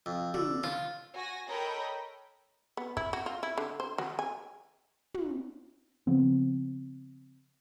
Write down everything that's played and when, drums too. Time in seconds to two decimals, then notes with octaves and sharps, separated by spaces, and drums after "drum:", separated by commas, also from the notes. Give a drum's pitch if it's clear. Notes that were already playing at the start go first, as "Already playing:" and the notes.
0.06 F2
0.34 D3, drum: tom
0.63 F4, drum: snare
1.14 F#4 G#5 A#6
1.48 A4 A#4 C#5 D#5 G5 B5
2.77 B3
2.97 E4, drum: kick
3.13 F#4
3.26 F4
3.43 E4
3.58 D3
3.80 C5
3.98 F#4, drum: snare
4.19 G#5
5.14 drum: tom
6.07 C#3 F3 B3 C4